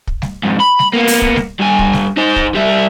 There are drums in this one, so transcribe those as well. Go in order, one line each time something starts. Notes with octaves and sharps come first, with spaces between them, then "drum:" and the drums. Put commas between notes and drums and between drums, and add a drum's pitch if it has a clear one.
drum: kick
drum: snare G3
F2 G#2
B5
drum: snare G3
A#3 B3
drum: open hi-hat
drum: kick
drum: snare G3
G2 G#5
drum: kick
drum: snare G3
D#4 C5
drum: kick
G3 E5